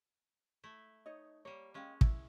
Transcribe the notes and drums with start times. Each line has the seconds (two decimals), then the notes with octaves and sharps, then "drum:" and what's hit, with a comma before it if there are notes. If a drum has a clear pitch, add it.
0.64 A3 E4
1.06 D#4 C#5 D#5
1.45 G3 A#3 C#5
1.74 G#3 C#4 D#5 F5 G5
2.01 E4, drum: kick